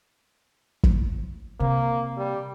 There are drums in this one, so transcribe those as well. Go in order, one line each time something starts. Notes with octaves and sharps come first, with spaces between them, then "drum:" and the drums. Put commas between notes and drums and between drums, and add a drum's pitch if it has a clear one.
drum: kick
C3 A#3
G3